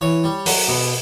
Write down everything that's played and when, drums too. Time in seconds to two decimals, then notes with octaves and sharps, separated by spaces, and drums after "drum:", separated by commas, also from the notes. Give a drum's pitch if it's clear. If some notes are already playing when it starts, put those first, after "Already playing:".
0.01 E3 C#5
0.24 G3
0.46 F#3, drum: open hi-hat
0.68 B2